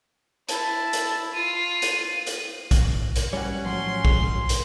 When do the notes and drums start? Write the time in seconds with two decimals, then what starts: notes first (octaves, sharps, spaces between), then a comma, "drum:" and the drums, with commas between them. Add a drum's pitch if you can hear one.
0.49 E4 A5, drum: hi-hat
0.93 drum: hi-hat
1.34 F4 D#7
1.82 drum: hi-hat
2.27 drum: hi-hat
2.71 drum: kick A#1, hi-hat
3.16 drum: hi-hat
3.33 G3 C#4 C#5 F#5
3.66 A2 F3 F#3 C6
4.05 drum: kick A#1
4.49 drum: hi-hat